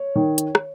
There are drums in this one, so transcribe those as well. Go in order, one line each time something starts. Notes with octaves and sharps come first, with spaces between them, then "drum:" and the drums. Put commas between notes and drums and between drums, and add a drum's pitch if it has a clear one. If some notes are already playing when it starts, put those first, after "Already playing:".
Already playing: C#5
D#3
drum: hi-hat
drum: rim click